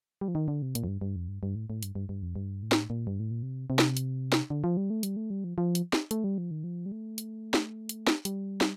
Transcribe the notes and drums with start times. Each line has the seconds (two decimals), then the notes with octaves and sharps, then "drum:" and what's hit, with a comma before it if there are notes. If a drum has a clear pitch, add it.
0.21 G3
0.28 F3
0.35 D#3
0.48 D3
0.62 C3
0.75 A#2, drum: hi-hat
0.84 F2
0.88 G2
1.01 G2
1.16 F2
1.28 G2
1.43 G2
1.55 A2
1.70 A2
1.83 G2, drum: hi-hat
1.95 G2
2.09 G2
2.22 F2
2.36 G2
2.63 A2
2.72 drum: snare
2.90 A#2
3.07 G2
3.20 A2
3.31 A#2
3.43 C3
3.70 C3
3.79 drum: snare
3.97 drum: hi-hat
4.32 drum: snare
4.50 D3
4.64 F3
4.77 G3
4.90 A3
5.03 G3, drum: hi-hat
5.17 A3
5.30 G3
5.44 F3
5.58 F3
5.75 drum: hi-hat
5.93 drum: snare
6.11 A3, drum: hi-hat
6.24 G3
6.38 F3
6.51 D#3
6.64 F3
6.86 G3
6.92 A3
7.18 drum: hi-hat
7.54 drum: snare
7.89 drum: hi-hat
8.07 drum: snare
8.25 G3, drum: hi-hat
8.61 drum: snare